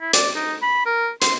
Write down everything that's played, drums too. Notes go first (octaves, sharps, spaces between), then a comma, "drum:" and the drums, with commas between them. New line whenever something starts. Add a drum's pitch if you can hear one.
E4
D5, drum: hi-hat
D#4
B5
A#4
C6, drum: hi-hat